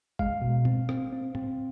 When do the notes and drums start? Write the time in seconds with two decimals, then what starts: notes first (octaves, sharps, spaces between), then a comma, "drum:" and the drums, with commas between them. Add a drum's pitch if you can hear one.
0.19 G#3 F5, drum: kick G1
0.42 B2
0.65 C4, drum: tom
0.89 C4, drum: rim click
1.13 C4
1.35 C4, drum: tom